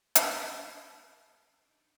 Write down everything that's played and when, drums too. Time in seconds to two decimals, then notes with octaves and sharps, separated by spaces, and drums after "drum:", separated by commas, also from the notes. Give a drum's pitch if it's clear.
0.15 F#2 C#3, drum: hi-hat
0.56 G#4 A#4
1.59 D4 D#4